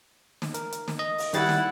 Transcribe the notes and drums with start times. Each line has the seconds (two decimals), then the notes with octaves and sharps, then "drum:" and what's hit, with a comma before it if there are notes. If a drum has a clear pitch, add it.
0.42 drum: snare
0.54 A#4, drum: hi-hat
0.72 drum: hi-hat
0.88 drum: snare
0.99 D#5
1.18 drum: open hi-hat
1.34 D#3 G3 E4 F#5 A6, drum: hi-hat
1.49 drum: snare